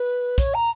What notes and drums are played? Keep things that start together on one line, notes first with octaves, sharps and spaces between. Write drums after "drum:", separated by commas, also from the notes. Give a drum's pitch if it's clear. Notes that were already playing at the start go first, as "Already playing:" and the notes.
Already playing: B4
C#5, drum: kick, hi-hat
A#5